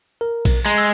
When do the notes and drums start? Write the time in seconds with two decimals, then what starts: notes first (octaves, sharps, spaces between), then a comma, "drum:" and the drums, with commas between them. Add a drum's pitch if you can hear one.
0.21 A#4
0.45 drum: kick A#1, cymbal
0.66 G#3 A#5
0.78 E6, drum: cymbal